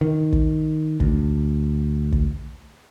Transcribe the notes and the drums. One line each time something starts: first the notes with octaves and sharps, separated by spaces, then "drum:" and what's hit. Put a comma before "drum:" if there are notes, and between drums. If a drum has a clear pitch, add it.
D#3
drum: kick
D2, drum: kick
drum: kick